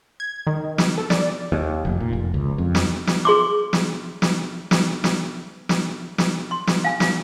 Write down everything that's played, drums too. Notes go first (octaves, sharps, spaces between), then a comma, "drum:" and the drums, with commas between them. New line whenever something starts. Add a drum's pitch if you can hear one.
G#6
D#3
drum: snare
A4
D5, drum: snare
D#2
F1
A#2
F1
C#2
F2
drum: snare
drum: snare
G#4 C6 D6
drum: snare
drum: snare
drum: snare
drum: snare
drum: snare
drum: snare
C6
drum: snare
F5 G#5
drum: snare